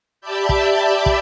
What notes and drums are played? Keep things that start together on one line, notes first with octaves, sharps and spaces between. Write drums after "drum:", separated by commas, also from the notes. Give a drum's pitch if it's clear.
G4 D5 E5 A5 B5 G6
drum: kick
drum: kick